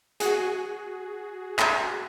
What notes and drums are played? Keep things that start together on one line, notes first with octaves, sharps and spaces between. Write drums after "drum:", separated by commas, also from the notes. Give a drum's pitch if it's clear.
F#4 G#4, drum: hi-hat
drum: clap